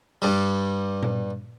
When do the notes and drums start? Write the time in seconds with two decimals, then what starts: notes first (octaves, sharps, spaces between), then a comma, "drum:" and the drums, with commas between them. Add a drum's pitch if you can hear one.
0.22 G2 G3
1.03 drum: tom A#2